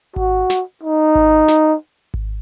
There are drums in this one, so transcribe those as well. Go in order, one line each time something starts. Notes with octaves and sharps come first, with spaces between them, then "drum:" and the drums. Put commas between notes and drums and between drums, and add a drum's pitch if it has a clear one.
F#4, drum: kick G#1
drum: snare
D#4
drum: kick G#1
drum: snare
drum: kick G#1